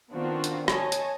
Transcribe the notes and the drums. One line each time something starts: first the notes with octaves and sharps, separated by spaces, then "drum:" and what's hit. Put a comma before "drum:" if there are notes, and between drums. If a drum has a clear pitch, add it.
D#3 B3 C4 D4 F4 F#4
drum: hi-hat
C#5 D#5 G#5 A5, drum: rim click
drum: hi-hat